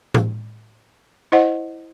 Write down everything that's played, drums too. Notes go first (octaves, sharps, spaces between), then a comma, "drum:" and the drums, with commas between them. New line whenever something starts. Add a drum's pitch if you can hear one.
drum: tom A2
E4 C5 D#5 F#5